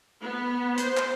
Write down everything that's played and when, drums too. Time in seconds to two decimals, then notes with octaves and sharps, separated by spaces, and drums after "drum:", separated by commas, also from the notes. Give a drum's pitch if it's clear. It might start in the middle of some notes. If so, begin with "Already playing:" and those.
0.21 B3
0.77 C5, drum: hi-hat
0.97 drum: clap